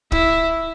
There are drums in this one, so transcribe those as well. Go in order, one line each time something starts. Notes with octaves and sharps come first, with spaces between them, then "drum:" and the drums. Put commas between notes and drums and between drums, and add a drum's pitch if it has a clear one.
E4, drum: kick